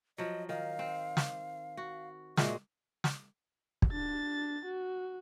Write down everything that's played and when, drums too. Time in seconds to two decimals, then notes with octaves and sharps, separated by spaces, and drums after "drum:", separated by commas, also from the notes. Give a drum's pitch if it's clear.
0.18 F3 F#3 D#5
0.49 D#3 F5
0.79 C4
1.17 drum: snare
1.77 F#4
2.37 A#2 G#3 F#4 E5, drum: snare
3.04 drum: snare
3.82 drum: kick
3.92 D4 A6
4.65 F#4